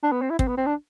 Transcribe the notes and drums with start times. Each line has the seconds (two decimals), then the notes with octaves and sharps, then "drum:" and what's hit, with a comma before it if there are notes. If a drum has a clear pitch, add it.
0.03 D4
0.12 B3
0.22 C4
0.30 E4
0.39 C4, drum: kick
0.48 B3
0.57 C4
0.66 D4